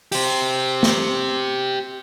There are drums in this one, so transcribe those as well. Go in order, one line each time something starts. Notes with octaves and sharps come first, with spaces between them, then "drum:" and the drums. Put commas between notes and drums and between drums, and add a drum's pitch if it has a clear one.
G4 C5, drum: open hi-hat
drum: snare